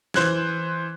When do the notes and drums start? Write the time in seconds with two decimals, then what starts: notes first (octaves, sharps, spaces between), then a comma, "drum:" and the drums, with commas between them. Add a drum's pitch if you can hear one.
0.14 E3 C5 F#6 G#6, drum: snare